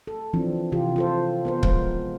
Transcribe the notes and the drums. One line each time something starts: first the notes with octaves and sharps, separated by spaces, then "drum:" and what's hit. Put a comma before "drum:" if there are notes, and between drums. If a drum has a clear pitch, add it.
A4
E3 F3 C4 D4
C3 E3 F4 G4
F4 A4 C5
B3 A#4 C5
F3 G#3 C5, drum: kick C#1